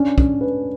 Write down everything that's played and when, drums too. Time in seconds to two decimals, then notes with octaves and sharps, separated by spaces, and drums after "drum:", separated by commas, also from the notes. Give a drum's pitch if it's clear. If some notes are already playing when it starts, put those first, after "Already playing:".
Already playing: C#4 D4
0.18 C#4, drum: kick
0.41 B4